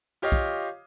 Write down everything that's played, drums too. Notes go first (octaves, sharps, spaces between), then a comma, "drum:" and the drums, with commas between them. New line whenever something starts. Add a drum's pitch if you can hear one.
F4 G4 C#5 D#5 F5
drum: kick